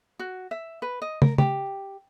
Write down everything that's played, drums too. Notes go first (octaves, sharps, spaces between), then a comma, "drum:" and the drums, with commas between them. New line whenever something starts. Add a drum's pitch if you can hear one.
F#4
E5
B4
D#5
A#4, drum: tom
G4, drum: tom